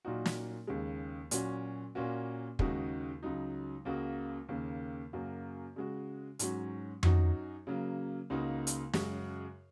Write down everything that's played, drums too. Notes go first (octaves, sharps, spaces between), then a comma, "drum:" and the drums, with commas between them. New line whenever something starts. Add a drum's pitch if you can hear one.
A#2 F#3 A#3 D#4 F#4
drum: snare
D#2 C#3 G#3
A#2 F#3 C#4 F#4, drum: hi-hat
A#2 A#3 C#4 F#4
D#2 C#3 G#3 D#4 F#4, drum: kick
C#2 C#3 F#3 D#4
C#2 C#3 A#3 F#4
D#2 C#3 A#3
F#2 C#3 A#3 F#4
C#3 G#3 F#4
G#2 F#3 C#4 F#4, drum: hi-hat
F#2 F#3 D#4 F#4, drum: tom F2
C#3 F#3 A#3
C#2 C#3 A#3 D#4 F#4
drum: hi-hat
F#2 C#3 G#3 F#4, drum: snare